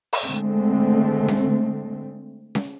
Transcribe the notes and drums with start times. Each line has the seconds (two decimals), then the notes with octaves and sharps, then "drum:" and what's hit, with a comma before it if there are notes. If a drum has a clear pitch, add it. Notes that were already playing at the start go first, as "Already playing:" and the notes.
0.13 drum: open hi-hat
0.24 D3 G#3 A3 C4
1.28 drum: snare C#4
2.55 drum: snare C#4